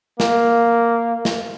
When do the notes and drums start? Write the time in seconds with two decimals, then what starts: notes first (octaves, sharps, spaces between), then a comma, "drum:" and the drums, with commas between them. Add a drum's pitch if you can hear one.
0.20 A#3, drum: snare
1.25 drum: snare